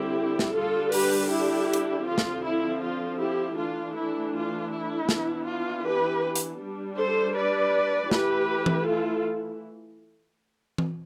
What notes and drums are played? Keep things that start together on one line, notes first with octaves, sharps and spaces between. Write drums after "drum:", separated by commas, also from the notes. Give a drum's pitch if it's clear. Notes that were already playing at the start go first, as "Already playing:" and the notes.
Already playing: D3 G3 C4 E4 G4
drum: snare
D3 G3 D4 F4 A4
G4 B4, drum: open hi-hat
E4 G4
drum: hi-hat
D3 F3 C4 F4
drum: snare
E4
F4
E4 G4
E3 A3 D4 F4
E4
F4
E4
E3 B3 D4, drum: snare
F4
G4 B4
drum: hi-hat
G3 D4
A4 C5
B4 D5
E3 A3 E4 G4 B4, drum: snare
drum: tom E3
F4 A4
drum: tom E3